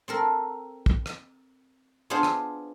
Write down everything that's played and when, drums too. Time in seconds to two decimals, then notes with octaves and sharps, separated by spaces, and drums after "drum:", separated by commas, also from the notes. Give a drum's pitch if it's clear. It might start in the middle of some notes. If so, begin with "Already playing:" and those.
0.08 C4 A4 A#4
0.86 drum: kick
1.06 drum: rim click
2.10 B3 D4 F4 G#4 C5
2.23 drum: rim click